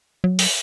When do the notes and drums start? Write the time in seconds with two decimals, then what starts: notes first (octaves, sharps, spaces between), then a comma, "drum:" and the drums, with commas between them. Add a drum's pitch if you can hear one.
0.24 F#3
0.39 drum: open hi-hat